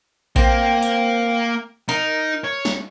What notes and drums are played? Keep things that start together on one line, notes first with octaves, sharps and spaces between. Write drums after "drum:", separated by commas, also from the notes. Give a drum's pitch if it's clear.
A#3 C4, drum: kick A#1
drum: hi-hat
D#4 A#4
C#5
drum: snare